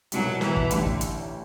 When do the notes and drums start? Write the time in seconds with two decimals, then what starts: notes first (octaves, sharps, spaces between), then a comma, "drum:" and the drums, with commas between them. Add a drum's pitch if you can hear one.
0.12 C2 B2 F#3 G3, drum: hi-hat
0.41 E3, drum: snare
0.56 drum: kick
0.71 A1 A2 D3 G3, drum: hi-hat
0.86 drum: kick
1.01 drum: hi-hat